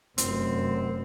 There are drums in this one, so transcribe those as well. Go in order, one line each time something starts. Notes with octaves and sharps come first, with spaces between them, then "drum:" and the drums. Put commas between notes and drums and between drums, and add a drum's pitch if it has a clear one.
F1 F#2 C4, drum: hi-hat